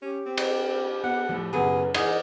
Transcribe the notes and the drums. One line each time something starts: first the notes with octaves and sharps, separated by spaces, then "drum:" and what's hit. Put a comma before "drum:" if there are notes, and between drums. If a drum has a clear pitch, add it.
C#4 G4
C4
drum: cymbal
B3 F#5
A2 F3
F#1 B2 F#3 B3 G#4 A4 B5
E3 D#4 G#4 F5 F#5 G#6, drum: cymbal